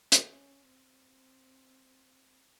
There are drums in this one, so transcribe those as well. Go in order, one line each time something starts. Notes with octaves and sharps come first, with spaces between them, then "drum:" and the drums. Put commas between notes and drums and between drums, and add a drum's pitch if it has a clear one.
C#4, drum: hi-hat
C4